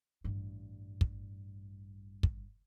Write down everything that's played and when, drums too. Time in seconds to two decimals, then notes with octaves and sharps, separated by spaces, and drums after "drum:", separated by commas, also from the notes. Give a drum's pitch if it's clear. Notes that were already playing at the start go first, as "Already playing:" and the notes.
0.24 A1 G2
1.01 drum: kick
2.23 drum: kick